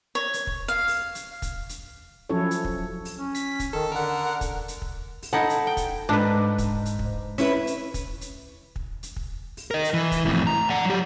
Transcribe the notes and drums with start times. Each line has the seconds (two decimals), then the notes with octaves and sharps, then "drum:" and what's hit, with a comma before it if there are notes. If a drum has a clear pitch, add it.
0.15 C#5
0.34 drum: hi-hat
0.47 drum: kick
0.68 F5
0.88 drum: open hi-hat
1.15 drum: hi-hat
1.42 drum: kick, hi-hat
1.69 drum: hi-hat
2.30 F3 F#3 C#4 E4 A4 C#5
2.51 drum: hi-hat
2.64 drum: kick
3.05 drum: open hi-hat
3.18 C#4
3.35 B6, drum: hi-hat
3.59 drum: kick, hi-hat
3.73 D#3 A4
3.92 D3 A#4 F#5
4.41 drum: kick, hi-hat
4.68 drum: hi-hat
4.82 drum: kick
5.22 drum: open hi-hat
5.33 D#4 E4 A4 F#5
5.50 drum: hi-hat
5.67 G5
5.77 drum: kick, hi-hat
6.09 G#2 D4 B4
6.58 drum: kick, hi-hat
6.85 drum: hi-hat
6.99 drum: kick
7.38 C#4 E4 B4 E5, drum: open hi-hat
7.67 drum: hi-hat
7.94 drum: kick, hi-hat
8.21 drum: hi-hat
8.76 drum: kick
9.03 drum: hi-hat
9.16 drum: kick
9.57 drum: open hi-hat
9.71 A#4 D#5
9.84 drum: hi-hat
9.94 E3
10.11 drum: kick, hi-hat
10.25 F2 A2
10.47 A#5
10.70 D5 F#5
10.85 F#3 G4